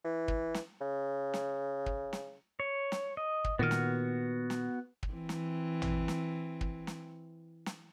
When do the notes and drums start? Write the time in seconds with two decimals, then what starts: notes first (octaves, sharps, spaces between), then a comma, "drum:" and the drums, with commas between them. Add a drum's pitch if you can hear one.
0.04 E3
0.28 drum: kick
0.54 drum: snare
0.81 C#3
1.34 drum: snare
1.86 drum: kick
2.13 drum: snare
2.60 C#5
2.92 drum: snare
3.17 D#5
3.44 drum: kick
3.59 A#2 D#3 B3 F#4 F6
3.71 drum: snare
4.50 drum: snare
5.03 drum: kick
5.12 E3 C4
5.29 drum: snare
5.82 drum: tom A1
6.08 drum: snare
6.61 drum: kick
6.87 drum: snare
7.66 drum: snare